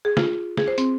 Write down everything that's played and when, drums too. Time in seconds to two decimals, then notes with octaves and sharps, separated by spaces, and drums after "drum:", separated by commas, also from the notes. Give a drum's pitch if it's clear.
0.05 G#4
0.17 F4, drum: snare
0.57 G#4, drum: snare
0.68 C5
0.78 C4, drum: hi-hat